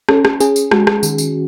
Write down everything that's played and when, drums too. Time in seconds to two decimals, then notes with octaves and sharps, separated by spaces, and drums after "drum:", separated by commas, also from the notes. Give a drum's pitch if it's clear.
0.09 C#4 A4, drum: rim click
0.25 drum: rim click
0.40 C#4 G#4, drum: tambourine
0.56 drum: tambourine
0.71 G#3 F#4, drum: rim click
0.87 drum: rim click
1.03 D#3, drum: tambourine
1.18 drum: tambourine